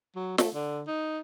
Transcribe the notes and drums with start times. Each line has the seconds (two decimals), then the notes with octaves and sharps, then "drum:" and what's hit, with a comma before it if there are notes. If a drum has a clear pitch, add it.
0.16 F#3
0.38 A3, drum: snare
0.55 D3
0.87 D#4